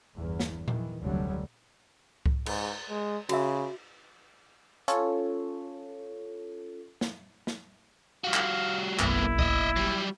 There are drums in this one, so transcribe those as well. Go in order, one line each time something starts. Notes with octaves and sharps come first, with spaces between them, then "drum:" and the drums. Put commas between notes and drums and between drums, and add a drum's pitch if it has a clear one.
G1 E2
drum: snare
D#3 E3, drum: tom A#2
F1 D2 D3 F#3 G3 A3
drum: kick C2
G#2, drum: cymbal
G#3
C#3 F#4 E5, drum: cymbal
C#4 F4 A4 C#5, drum: hi-hat
drum: snare
drum: snare
G3 F#4 F5
drum: clap
F#1 B1 A3 B3 E4, drum: clap
D#5 E5, drum: kick C2
F#3 G3